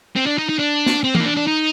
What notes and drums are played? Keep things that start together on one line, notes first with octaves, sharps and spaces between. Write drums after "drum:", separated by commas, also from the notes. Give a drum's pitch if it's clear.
C4
D4
D#4
D#4
D4
drum: snare
C4
A#3, drum: tom E3
D#4
D4
D4
D#4